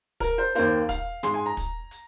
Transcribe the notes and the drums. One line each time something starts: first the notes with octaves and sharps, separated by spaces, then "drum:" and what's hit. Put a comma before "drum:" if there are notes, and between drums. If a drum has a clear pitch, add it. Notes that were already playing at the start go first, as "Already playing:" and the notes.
A#4, drum: kick, hi-hat
C5
D#2 D#3 A#3 C5, drum: hi-hat
F5, drum: kick, hi-hat
G#2 G#3 C6, drum: snare
G#5
A#5
drum: kick, hi-hat
drum: hi-hat